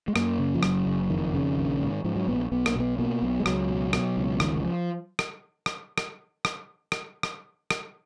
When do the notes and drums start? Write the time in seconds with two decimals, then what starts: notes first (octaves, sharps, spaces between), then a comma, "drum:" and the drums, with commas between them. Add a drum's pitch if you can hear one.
0.08 G#3
0.16 F#2 A#3, drum: rim click
0.39 C#3
0.55 F3
0.63 F#1 F#3, drum: rim click
0.86 F#1
1.10 F2 D#3
1.34 C#3
1.57 A#1
1.81 G#2
2.04 G#2 F3
2.16 F#3
2.28 A#1 B3
2.52 B1 B3
2.66 A#3, drum: rim click
2.75 B2 B3
2.99 B2 A#3
3.22 B1
3.40 G#3
3.46 C#2 F#3, drum: rim click
3.69 B2
3.93 B2, drum: rim click
4.17 C#2
4.40 F1 D#3, drum: rim click
4.64 F3
5.19 drum: rim click
5.66 drum: rim click
5.98 drum: rim click
6.45 drum: rim click
6.92 drum: rim click
7.23 drum: rim click
7.71 drum: rim click